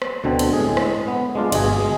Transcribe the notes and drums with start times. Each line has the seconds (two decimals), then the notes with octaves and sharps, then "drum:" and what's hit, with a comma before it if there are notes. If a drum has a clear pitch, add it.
0.02 drum: rim click
0.24 D2 B2 D3 C4
0.39 drum: cymbal
0.53 A2 G#3 G#4
0.77 drum: rim click
1.08 B3
1.35 G#3 D4 F4
1.52 G1 B2 G#4 G#5, drum: cymbal
1.76 G#3 G#4